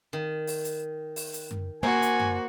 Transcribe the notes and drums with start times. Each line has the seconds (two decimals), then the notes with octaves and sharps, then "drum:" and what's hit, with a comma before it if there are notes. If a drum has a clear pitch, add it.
0.13 D#3
0.47 drum: open hi-hat
0.65 drum: hi-hat
1.16 drum: open hi-hat
1.33 drum: hi-hat
1.51 drum: tom F#2
1.83 A#3 F#4 C5 G#5
2.02 drum: hi-hat
2.20 drum: tom F#2